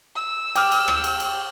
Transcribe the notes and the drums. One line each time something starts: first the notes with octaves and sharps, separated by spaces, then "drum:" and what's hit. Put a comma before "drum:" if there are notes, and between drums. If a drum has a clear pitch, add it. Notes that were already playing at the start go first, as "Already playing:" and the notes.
E6
G5 D6 F6, drum: cymbal
drum: cymbal
drum: rim click
drum: cymbal
drum: cymbal